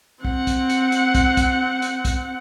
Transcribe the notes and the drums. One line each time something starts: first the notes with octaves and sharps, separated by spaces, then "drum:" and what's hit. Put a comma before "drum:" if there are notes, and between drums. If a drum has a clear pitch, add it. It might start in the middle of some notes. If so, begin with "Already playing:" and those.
C4 F#5, drum: kick
drum: kick, hi-hat
drum: hi-hat
drum: hi-hat
drum: kick, hi-hat
drum: kick, hi-hat
drum: hi-hat
drum: kick, hi-hat